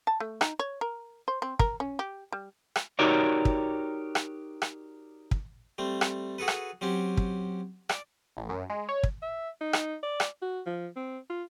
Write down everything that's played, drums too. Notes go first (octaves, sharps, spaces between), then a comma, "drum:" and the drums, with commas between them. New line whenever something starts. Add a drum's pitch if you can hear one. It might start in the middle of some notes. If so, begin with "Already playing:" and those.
A5
A3
D#4, drum: rim click
C#5
A#4
C5
C4
A#4, drum: kick
C#4
G4
G3
drum: rim click
D#4 F#4 G4 A#4 C#5 D5
drum: kick
drum: rim click
drum: rim click
drum: kick
G3 A3 C4
drum: rim click
F#4 G#4 A4 B4
drum: rim click
F#3 C4 C#4 G4
drum: kick
D5, drum: rim click
A1
F#2
G#3
C#5
drum: kick
E5
D#4
drum: rim click
D5
drum: rim click
F#4
F3
C4
F4